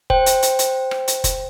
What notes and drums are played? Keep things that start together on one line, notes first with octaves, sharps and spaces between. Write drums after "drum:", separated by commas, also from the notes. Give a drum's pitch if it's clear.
C5 G5, drum: kick F1
drum: hi-hat
drum: hi-hat
drum: hi-hat
drum: rim click
drum: hi-hat
drum: kick F1, hi-hat